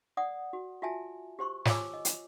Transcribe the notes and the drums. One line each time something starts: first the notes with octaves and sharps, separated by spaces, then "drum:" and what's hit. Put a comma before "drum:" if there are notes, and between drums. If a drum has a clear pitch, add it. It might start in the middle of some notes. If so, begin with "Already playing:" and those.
D5 F#5 D#6
F#4
F4 F#4 E5 G#5 A5
G4 C5 C6 C#6
F4 C#5 G#5 D6 E6, drum: snare
D#5
drum: hi-hat